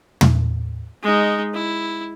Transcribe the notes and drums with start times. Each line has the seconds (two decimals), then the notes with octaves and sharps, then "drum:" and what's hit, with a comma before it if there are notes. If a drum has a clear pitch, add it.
0.21 drum: tom
1.03 G#3 D#4
1.53 E4